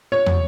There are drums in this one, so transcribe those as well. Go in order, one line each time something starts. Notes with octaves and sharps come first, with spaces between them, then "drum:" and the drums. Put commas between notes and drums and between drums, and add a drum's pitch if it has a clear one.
C#5
drum: tom